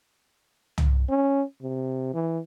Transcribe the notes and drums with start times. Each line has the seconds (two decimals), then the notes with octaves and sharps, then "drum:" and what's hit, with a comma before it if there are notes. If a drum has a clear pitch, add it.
0.78 drum: tom
1.10 C#4
1.62 C3
2.14 E3